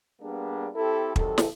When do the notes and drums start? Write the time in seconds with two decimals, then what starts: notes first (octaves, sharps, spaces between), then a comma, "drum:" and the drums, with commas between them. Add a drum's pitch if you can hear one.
0.21 G3 A#3 B3 D4 G#4
0.75 C4 E4 G4 A4
1.16 C3 D#3 F#3 A4, drum: kick
1.38 drum: snare